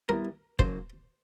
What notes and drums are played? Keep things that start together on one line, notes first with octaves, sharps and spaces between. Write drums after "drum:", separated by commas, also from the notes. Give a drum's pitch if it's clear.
G3 B3 E4 A#4
C#3 F#3 A#3 C5, drum: kick